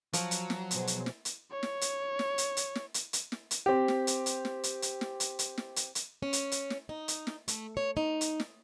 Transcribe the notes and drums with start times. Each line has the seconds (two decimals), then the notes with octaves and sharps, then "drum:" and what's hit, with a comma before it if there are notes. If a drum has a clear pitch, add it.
0.13 F3 F#3, drum: hi-hat
0.31 drum: hi-hat
0.50 drum: snare
0.71 B2 G#4 C5, drum: hi-hat
0.87 drum: hi-hat
1.06 drum: snare
1.25 drum: hi-hat
1.52 C#5
1.63 drum: snare
1.81 drum: hi-hat
2.19 drum: snare
2.38 drum: hi-hat
2.57 drum: hi-hat
2.75 drum: snare
2.94 drum: hi-hat
3.13 drum: hi-hat
3.32 drum: snare
3.51 drum: hi-hat
3.66 C4 G4
3.88 drum: snare
4.07 drum: hi-hat
4.26 drum: hi-hat
4.45 drum: snare
4.63 drum: hi-hat
4.82 drum: hi-hat
5.01 drum: snare
5.20 drum: hi-hat
5.39 drum: hi-hat
5.58 drum: snare
5.76 drum: hi-hat
5.95 drum: hi-hat
6.23 C#4
6.33 drum: hi-hat
6.52 drum: hi-hat
6.70 drum: snare
6.89 D#4
7.08 drum: hi-hat
7.27 drum: snare
7.48 A3, drum: hi-hat
7.77 C#5
7.97 D#4
8.21 drum: hi-hat
8.40 drum: snare